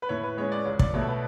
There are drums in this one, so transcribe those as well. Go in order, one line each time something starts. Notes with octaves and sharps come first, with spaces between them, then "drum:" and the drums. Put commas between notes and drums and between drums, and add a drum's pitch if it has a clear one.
B4
A2 C#5
B4
G#3 C#4 C#5
D5
C#2 C#5
D5, drum: kick
B2 A3 C#5
A4
B4